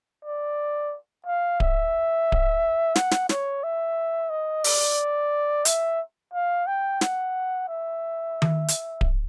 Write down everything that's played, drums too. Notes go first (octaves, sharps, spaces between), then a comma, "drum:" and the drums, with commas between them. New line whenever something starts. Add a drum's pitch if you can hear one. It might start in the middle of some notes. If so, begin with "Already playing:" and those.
D5
F5
E5, drum: kick D1
drum: kick D1
F#5, drum: snare
drum: snare
C#5, drum: snare
E5
D#5
D5, drum: open hi-hat
E5, drum: hi-hat
F5
G5
F#5, drum: snare
E5
drum: tom D#3
drum: hi-hat
drum: kick D1